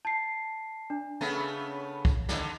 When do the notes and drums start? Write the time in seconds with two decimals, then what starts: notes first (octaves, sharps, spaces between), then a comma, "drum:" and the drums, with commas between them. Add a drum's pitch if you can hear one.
0.05 A5 C7
0.90 D4
1.21 C#3 A3 B3
2.05 drum: kick
2.29 D3 D#3, drum: snare